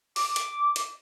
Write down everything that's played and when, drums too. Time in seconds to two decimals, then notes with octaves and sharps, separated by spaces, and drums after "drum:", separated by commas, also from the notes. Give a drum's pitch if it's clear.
0.16 D6, drum: open hi-hat
0.36 drum: hi-hat
0.76 drum: hi-hat